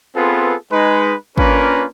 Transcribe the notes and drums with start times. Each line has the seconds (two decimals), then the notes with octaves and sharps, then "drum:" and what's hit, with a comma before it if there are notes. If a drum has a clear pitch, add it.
0.16 B3 C4 F4 G#4 A4 B4
0.72 G#3 D#4 B4
1.38 A#3 C#4 D4 F4 A#4 B4, drum: kick G#1